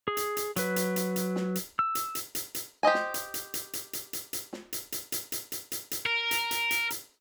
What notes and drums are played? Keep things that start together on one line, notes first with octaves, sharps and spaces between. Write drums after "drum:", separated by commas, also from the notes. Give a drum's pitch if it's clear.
G#4
drum: hi-hat
drum: hi-hat
F#3 B4, drum: hi-hat
drum: hi-hat
drum: hi-hat
drum: hi-hat
drum: snare
drum: hi-hat
E6
drum: hi-hat
drum: hi-hat
drum: hi-hat
drum: hi-hat
G4 C5 D#5 G#5
drum: snare
drum: hi-hat
drum: hi-hat
drum: hi-hat
drum: hi-hat
drum: hi-hat
drum: hi-hat
drum: hi-hat
drum: snare
drum: hi-hat
drum: hi-hat
drum: hi-hat
drum: hi-hat
drum: hi-hat
drum: hi-hat
drum: hi-hat
A#4
drum: hi-hat
drum: hi-hat
drum: hi-hat
drum: hi-hat